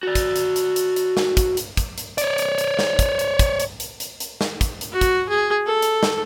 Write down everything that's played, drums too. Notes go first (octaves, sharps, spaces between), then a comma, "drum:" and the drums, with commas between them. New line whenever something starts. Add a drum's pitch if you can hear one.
F#4 D5
drum: kick, hi-hat
drum: hi-hat
drum: hi-hat
drum: hi-hat
drum: hi-hat
drum: snare
drum: kick, hi-hat
drum: hi-hat
drum: kick, hi-hat
drum: hi-hat
C#5 D5, drum: hi-hat
drum: hi-hat
drum: hi-hat
drum: snare
drum: kick, hi-hat
drum: hi-hat
drum: kick, hi-hat
drum: hi-hat
drum: hi-hat
drum: hi-hat
drum: hi-hat
drum: snare
drum: kick, hi-hat
drum: hi-hat
F#4
drum: kick, hi-hat
G#4
A4
drum: hi-hat
drum: snare